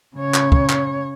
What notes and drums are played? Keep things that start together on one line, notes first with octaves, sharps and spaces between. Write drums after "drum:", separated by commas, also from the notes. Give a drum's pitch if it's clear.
C#3 C#5
drum: clap
drum: kick
drum: clap